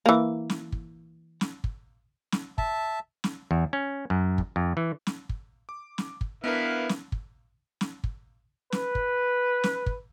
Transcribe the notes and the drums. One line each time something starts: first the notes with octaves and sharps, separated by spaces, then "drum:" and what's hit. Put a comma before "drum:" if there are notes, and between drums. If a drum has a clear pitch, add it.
E3 A#3
drum: snare
drum: kick
drum: snare
drum: kick
drum: snare
E5 A5, drum: kick
drum: snare
E2
C#4
F#2
drum: kick
F2
E3
drum: snare
drum: kick
D6
drum: snare
drum: kick
B3 D4 E4 A#4 B4 F5
drum: snare
drum: kick
drum: snare
drum: kick
B4, drum: snare
drum: kick
drum: snare
drum: kick